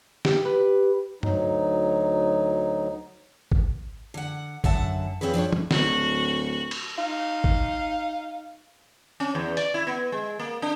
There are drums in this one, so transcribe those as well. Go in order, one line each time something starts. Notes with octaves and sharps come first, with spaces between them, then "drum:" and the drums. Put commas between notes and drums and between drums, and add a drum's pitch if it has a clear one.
G4, drum: snare
B4
D2 F#3 D#4, drum: tom G2
drum: kick G#1
D3 F#5
F#2 D3 E5 F#5 A5, drum: kick G#1
F2 D3 C4 C#4 G#4 B4
F3 D4 G4 C#5
drum: tom
D1 F#4, drum: snare
drum: cymbal
D#4 F5
drum: kick G#1
C#4
E2
D5, drum: hi-hat
E4
B3
G#3
A#3
D4